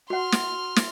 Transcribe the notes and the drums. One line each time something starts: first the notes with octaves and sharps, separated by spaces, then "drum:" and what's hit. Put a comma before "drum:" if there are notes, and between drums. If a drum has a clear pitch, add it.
F#4 F#5 C6 F6
drum: snare
drum: snare